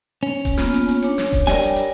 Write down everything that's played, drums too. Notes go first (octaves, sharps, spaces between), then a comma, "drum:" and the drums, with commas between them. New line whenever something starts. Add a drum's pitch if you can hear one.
C#4
drum: kick D#1, hi-hat
A#3 B3 F4, drum: snare
drum: hi-hat
drum: hi-hat
D4 C#5, drum: hi-hat
drum: snare
drum: kick D#1, hi-hat
G3 A#4 D#5 G#5, drum: snare
drum: hi-hat
drum: hi-hat